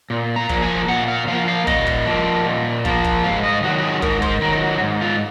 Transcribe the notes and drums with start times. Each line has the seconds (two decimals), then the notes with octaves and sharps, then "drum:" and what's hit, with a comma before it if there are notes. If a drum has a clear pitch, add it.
0.10 A#2
0.36 A#5
0.49 F3 A#3, drum: kick
0.62 G#5
0.88 A#2 F#5
1.08 F5
1.28 F3 A#3 F5
1.48 F5
1.67 A#2 D#5, drum: kick
1.87 drum: kick
2.06 F3 A#3
2.45 A#2
2.85 F3 A#3, drum: kick
3.04 drum: kick
3.24 G#2 F5
3.44 D#5
3.63 D#3 F#3 F#4
3.78 F#4
3.83 G#4
4.02 G#2 A#4, drum: kick
4.22 C5, drum: kick
4.41 D#3 F#3 A#4
4.61 F#4
4.80 G#2
5.01 F4